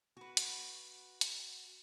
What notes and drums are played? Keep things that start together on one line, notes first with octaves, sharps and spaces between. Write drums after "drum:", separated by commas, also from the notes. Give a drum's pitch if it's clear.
F#4 B4
drum: hi-hat
drum: hi-hat